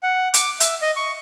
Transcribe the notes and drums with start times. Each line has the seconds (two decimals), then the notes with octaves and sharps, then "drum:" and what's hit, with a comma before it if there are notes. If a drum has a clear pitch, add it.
0.03 F#5
0.34 D6, drum: hi-hat
0.60 E5, drum: hi-hat
0.82 D#5
0.96 C#6